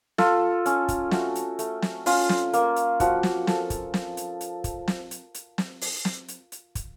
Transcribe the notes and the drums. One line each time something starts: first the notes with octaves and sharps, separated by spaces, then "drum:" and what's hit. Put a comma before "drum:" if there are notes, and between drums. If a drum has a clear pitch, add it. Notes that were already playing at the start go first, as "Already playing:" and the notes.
F4 A4, drum: snare
C#4, drum: hi-hat
drum: kick, hi-hat
A3 F#4, drum: snare
drum: hi-hat
A3, drum: hi-hat
drum: snare
C#4 F4, drum: open hi-hat
drum: snare
A#3, drum: hi-hat
drum: hi-hat
F3 F#4, drum: kick, hi-hat
drum: snare
F3 A4, drum: snare
drum: kick, hi-hat
drum: snare
drum: hi-hat
drum: hi-hat
drum: kick, hi-hat
drum: snare
drum: hi-hat
drum: hi-hat
drum: snare
drum: open hi-hat
drum: snare
drum: hi-hat
drum: hi-hat
drum: kick, hi-hat